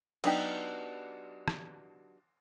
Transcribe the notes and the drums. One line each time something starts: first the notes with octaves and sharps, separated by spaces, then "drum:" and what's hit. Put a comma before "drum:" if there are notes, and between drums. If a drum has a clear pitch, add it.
F#3 B3 D4 D#4 G4, drum: cymbal
drum: rim click